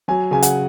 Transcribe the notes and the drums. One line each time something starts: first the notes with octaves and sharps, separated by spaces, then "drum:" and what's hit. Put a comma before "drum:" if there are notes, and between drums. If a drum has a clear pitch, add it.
F#3 G#5
C#3 G#5
F#5, drum: hi-hat